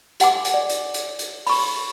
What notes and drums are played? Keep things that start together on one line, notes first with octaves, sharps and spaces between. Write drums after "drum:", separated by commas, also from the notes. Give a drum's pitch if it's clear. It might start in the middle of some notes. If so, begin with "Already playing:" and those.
G4 F#5 G#5 D6, drum: hi-hat
drum: hi-hat
D5
drum: hi-hat
drum: hi-hat
drum: hi-hat
B5 C#6, drum: open hi-hat